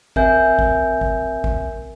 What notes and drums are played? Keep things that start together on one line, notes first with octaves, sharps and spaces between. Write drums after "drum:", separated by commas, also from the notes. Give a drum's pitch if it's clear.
C4 A#4 E5 G#5 G6, drum: kick A1
drum: kick A1
drum: kick A1
drum: kick A1